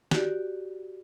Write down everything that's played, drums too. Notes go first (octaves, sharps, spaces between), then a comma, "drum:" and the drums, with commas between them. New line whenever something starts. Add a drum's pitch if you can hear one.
F#4 G4 D5, drum: snare